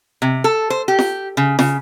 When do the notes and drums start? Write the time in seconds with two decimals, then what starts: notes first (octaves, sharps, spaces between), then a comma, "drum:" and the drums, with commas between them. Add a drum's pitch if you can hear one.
0.22 C3
0.44 A4
0.70 C5
0.88 G4
0.99 drum: snare F4
1.37 C#3
1.59 C#3, drum: snare F4